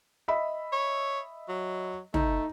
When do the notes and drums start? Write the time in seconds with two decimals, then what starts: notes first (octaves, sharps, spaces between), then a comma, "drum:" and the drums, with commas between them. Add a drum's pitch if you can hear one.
0.28 D#5 E5 B5
0.72 C#5
1.49 F#3
2.14 A3 D#4, drum: tom